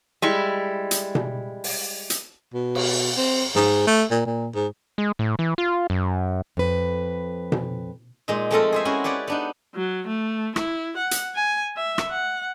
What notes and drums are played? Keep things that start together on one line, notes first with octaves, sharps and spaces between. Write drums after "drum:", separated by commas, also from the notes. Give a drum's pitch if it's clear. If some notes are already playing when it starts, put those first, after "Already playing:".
G3 G#3 E4
drum: hi-hat
drum: tom B2
drum: open hi-hat
drum: hi-hat
B2
drum: cymbal
C4
G#2, drum: snare
A3
A#2
A#2
G#2
G#3
A2
E3
F4
F#2
F2 B4
drum: tom B2
A#2 G#3 D#4
F3 G#3 A3 C4 A4 A#4
G#4 C5 E5
C4 C#4 E4 F#4
G4 B4 C#5 D5 F#5
B3 D4 D#4
F#3
A3
E4, drum: rim click
F#5
drum: hi-hat
G#5
E5
drum: rim click
F#5